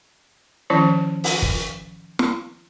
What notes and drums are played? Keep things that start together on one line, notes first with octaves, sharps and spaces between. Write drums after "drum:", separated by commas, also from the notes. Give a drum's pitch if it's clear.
D#3 F3 C#4 E4 C5 A5
drum: open hi-hat
drum: kick
drum: snare